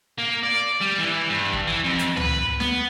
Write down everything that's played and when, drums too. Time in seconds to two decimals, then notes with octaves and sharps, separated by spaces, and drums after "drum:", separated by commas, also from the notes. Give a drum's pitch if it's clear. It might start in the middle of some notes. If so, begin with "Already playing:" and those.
0.18 A#3
0.43 D5
0.81 G3
0.99 E3
1.29 G2
1.53 drum: kick
1.67 E3
1.84 F2
1.99 drum: hi-hat
2.17 B4, drum: tom C#2
2.60 B3, drum: snare